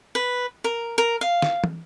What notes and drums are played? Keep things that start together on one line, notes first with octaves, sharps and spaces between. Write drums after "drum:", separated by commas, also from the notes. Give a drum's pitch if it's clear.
B4
A#4
A#4
F5
drum: snare
drum: tom